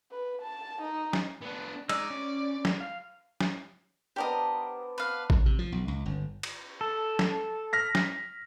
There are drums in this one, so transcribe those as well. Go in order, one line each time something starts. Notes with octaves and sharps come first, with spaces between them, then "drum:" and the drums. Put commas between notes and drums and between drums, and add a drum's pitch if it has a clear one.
B4
A5
D#4
drum: snare
B3 D4
G#3 D#4 D5 E6, drum: cymbal
C#4
drum: snare
F5
drum: snare
B3 D4 G4 A#4 C5 D#5
B4 F5
drum: kick A1
C3
F3
B1
C#2
G1
drum: cymbal
A4
drum: snare
F6 A#6 B6
drum: snare